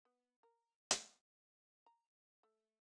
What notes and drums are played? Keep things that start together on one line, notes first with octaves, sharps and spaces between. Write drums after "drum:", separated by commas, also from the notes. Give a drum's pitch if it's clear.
B3
A#4
drum: hi-hat
A#5
A3